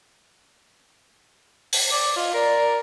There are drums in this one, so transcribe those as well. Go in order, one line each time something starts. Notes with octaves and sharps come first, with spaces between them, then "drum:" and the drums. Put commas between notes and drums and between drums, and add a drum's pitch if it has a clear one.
drum: open hi-hat
D5
F4 D#5
A#4 D5